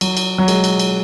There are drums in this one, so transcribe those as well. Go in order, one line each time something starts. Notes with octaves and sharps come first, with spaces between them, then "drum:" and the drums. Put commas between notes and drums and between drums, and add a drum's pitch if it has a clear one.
F#3, drum: cymbal
drum: cymbal
F#3
G#3, drum: cymbal
drum: cymbal
drum: cymbal